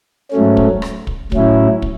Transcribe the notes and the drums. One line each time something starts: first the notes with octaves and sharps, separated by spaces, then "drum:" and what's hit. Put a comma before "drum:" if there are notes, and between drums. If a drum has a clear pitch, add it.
G#2 F#3 A3 C#4
drum: kick
drum: rim click
drum: kick
A2 F#3 C#4 E4, drum: kick
drum: kick